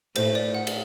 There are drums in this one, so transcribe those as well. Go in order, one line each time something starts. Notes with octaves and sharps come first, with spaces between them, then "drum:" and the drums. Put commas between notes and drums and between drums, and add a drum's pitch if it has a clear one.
A2 C5, drum: cymbal
D5
F#5
drum: cymbal